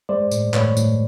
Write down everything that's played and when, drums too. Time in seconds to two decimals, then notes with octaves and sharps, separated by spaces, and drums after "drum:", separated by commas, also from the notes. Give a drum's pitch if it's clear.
0.09 G#3 C5 D5
0.31 A2, drum: tambourine
0.54 A2 B4 C#5, drum: clap
0.77 A2, drum: tambourine